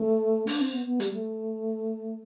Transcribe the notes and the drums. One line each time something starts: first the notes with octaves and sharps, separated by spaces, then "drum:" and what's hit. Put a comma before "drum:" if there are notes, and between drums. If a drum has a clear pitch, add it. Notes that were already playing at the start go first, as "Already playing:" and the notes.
Already playing: A3
D4, drum: open hi-hat
C4
B3
B3
G3, drum: hi-hat
A3